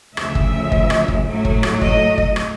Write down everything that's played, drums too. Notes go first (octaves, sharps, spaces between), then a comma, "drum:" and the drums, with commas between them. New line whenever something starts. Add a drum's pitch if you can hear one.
D2 C#3 F3 E5, drum: rim click
drum: kick
drum: kick
drum: rim click
drum: kick
A2 F#3 A3
drum: kick
drum: rim click
D#5, drum: kick
drum: kick
drum: rim click